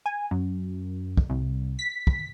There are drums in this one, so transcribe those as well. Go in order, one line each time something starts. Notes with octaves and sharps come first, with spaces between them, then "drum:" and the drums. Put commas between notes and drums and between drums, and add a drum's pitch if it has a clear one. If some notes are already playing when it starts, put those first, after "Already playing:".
G#5
F#2
drum: kick
C2
B6
drum: kick